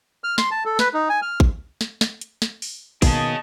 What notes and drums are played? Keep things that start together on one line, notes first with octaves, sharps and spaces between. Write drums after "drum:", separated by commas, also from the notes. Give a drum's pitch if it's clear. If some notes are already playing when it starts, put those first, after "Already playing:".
F6
C6, drum: snare
A5
A4
B4, drum: snare
D#4
G#5
F6
drum: kick
drum: snare
drum: snare
drum: hi-hat
drum: snare
drum: open hi-hat
B2 D#3 A#3 C#4 G#4 D#5 A5, drum: kick, open hi-hat